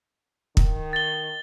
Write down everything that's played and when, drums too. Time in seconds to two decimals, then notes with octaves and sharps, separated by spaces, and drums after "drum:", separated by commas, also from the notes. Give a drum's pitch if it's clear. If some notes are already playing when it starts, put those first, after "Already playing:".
0.57 D#3, drum: kick
0.93 A6 G7